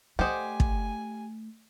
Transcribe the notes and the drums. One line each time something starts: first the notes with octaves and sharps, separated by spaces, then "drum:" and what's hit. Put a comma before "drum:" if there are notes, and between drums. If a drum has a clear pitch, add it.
A3 G4 C5 D5 D#5 F#5 G#5
drum: kick